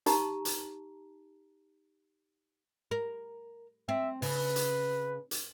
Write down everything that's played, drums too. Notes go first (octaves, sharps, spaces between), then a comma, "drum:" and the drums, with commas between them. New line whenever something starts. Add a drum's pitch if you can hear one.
D#4 G4 A5 A#5, drum: hi-hat
drum: hi-hat
A#4
C4 E5
C#3 B4, drum: open hi-hat
drum: hi-hat
drum: hi-hat